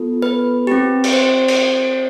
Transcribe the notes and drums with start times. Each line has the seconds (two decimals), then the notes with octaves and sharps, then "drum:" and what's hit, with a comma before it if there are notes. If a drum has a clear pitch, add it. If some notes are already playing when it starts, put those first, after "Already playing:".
Already playing: B3 F4 A4
0.22 B4
0.67 C4 G4
1.04 drum: cymbal
1.13 C5
1.48 drum: cymbal